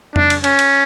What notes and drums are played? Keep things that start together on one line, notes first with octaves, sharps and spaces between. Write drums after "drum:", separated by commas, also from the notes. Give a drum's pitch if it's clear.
D4, drum: tom F2
drum: cymbal
C#4, drum: cymbal
drum: cymbal